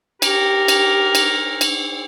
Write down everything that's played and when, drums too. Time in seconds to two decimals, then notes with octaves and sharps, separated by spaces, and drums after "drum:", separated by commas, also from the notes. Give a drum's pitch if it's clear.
0.22 G4 A#4, drum: cymbal
0.68 drum: cymbal
1.15 drum: cymbal
1.61 drum: cymbal